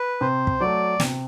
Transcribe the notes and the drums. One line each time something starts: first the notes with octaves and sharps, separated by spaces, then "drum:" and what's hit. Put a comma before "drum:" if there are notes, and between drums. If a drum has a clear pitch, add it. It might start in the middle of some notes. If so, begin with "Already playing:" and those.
Already playing: B4
C3 C5
drum: kick
F#3 A3 D5
C3, drum: snare